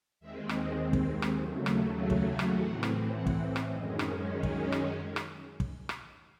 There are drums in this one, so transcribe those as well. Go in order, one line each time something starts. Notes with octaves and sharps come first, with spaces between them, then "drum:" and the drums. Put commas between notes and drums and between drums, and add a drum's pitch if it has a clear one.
D#2 D#3 G#3 C4 E5
drum: rim click
drum: kick
drum: rim click
D#2 C#3 F#3 A3
drum: rim click
G#5
drum: kick
drum: rim click
A2 E3 C4 F#5
drum: rim click
F#5
drum: kick
drum: rim click
F#2 D#3 G#3 C#4 D#5
C#5, drum: rim click
drum: kick
drum: rim click
drum: rim click
drum: kick
drum: rim click